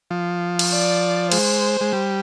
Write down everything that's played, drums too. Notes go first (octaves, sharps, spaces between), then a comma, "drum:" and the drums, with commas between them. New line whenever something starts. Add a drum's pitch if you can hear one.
F3
drum: cymbal
D5
G#3 C5, drum: cymbal
G#3
G3